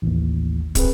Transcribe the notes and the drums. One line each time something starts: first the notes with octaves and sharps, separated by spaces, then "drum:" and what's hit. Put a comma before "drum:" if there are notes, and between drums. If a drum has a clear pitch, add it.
A1 D#2
C4 G#4 B4, drum: kick, hi-hat